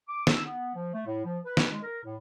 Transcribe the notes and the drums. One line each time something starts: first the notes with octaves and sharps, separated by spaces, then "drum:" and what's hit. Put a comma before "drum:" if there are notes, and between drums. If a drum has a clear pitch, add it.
D6
E6, drum: snare
B3
F3
A3
A2
F3
B4
drum: snare
G#3
A#4
A2